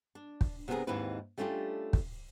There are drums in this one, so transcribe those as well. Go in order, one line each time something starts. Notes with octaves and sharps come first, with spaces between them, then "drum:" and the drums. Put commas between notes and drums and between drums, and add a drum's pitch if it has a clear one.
D4
drum: kick
C3 B3 D4 E4 G#4 A#4
D#2 G#2 D#3 C4 E4 B4
G3 A3 C#4 D4 F4 G4
drum: kick